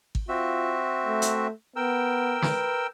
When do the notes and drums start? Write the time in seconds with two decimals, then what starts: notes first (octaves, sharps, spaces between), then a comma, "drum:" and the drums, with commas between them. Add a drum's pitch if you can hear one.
0.15 drum: kick G#1
0.29 C4 F4 F#4 E5
1.05 A3
1.22 drum: hi-hat
1.76 B3 A#4 G5 E6
2.42 B4, drum: snare